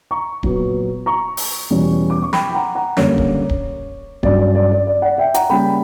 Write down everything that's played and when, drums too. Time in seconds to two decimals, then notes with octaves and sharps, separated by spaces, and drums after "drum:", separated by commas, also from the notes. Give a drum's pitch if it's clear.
0.11 A#5 C#6
0.43 A#2 F#3 B3, drum: kick D1
1.06 A#5 C#6
1.37 drum: open hi-hat
1.70 E2 B2 G3 C#4
2.10 D6
2.23 C#6
2.33 G5 B5, drum: snare
2.50 G5
2.54 F#5 A#5
2.75 F#5 A#5
2.97 F#2 D3 G3 A#3 C#4 C#5, drum: snare
3.18 drum: kick D1
3.49 drum: kick D1
4.23 G2 F#3 C#4 D5, drum: kick D1
4.39 D5
4.55 D5
4.71 D5
4.87 D5
5.02 D5 F#5
5.18 E5 G5
5.34 F#5 A#5, drum: hi-hat
5.50 C#3 G3 A#3 C#4 G5 B5